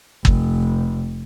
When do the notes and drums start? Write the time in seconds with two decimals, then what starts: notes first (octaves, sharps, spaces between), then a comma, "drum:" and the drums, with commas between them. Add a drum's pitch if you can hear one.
0.25 F1, drum: kick